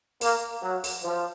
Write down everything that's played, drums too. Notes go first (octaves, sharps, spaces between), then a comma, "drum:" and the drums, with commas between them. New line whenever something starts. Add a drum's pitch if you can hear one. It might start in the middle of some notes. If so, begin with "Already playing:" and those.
A#3, drum: open hi-hat
F#3
drum: open hi-hat
F3